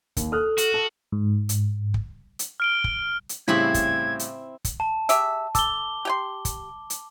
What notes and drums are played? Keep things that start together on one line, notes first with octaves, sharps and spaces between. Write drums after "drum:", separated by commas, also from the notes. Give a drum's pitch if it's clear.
D#2, drum: kick, hi-hat
A4 D#6 F6 F#6
F#4, drum: hi-hat
A4
G#2
drum: hi-hat
drum: kick
drum: hi-hat
F6 D7 G7
drum: kick
drum: hi-hat
A2 C#3 G3 C4 E4 B5 G#6
drum: kick, hi-hat
drum: hi-hat
drum: kick, hi-hat
A5
G4 G#4 E5, drum: hi-hat
A4 D6 G7, drum: kick, hi-hat
G4 G5 C6
drum: kick, hi-hat
drum: hi-hat